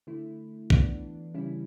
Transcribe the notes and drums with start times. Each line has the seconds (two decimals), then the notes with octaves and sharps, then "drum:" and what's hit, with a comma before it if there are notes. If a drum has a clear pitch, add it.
0.07 D3 A3 E4
0.70 E3 B3 D4, drum: kick
1.34 C#3 G3 C#4 E4